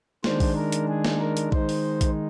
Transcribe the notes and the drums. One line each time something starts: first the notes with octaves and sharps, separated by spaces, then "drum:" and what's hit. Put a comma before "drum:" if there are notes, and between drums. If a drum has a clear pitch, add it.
D#3 G#3 D4 C5, drum: snare
drum: kick A#1, open hi-hat
A#4
drum: hi-hat
G#4
drum: snare
A#4
drum: hi-hat
D#3 G#3 D#4 C5, drum: kick A#1
drum: open hi-hat
drum: kick A#1, hi-hat